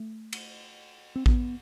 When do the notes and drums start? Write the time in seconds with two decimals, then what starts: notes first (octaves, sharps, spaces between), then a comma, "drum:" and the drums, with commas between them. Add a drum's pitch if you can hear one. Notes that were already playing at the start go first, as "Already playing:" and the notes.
Already playing: A3
0.33 drum: cymbal
1.16 C4
1.26 B3, drum: kick A1